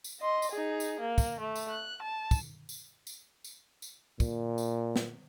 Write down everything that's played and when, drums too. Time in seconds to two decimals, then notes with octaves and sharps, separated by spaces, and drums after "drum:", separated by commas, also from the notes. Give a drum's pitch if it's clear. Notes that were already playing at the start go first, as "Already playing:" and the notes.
0.04 drum: tambourine
0.21 D#5 C6
0.42 drum: tambourine
0.51 D#4 G#4
0.80 drum: tambourine
1.00 A#3
1.18 drum: kick, tambourine
1.40 A3
1.56 drum: tambourine
1.70 F#6
2.02 A5
2.31 drum: kick, tambourine
2.69 drum: tambourine
3.07 drum: tambourine
3.44 drum: tambourine
3.82 drum: tambourine
4.20 A#2, drum: kick, tambourine
4.58 drum: tambourine
4.96 drum: snare